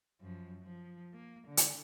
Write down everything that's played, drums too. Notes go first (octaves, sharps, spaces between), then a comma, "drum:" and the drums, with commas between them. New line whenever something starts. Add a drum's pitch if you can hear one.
F#2 F3
F3
A#3
D3
drum: hi-hat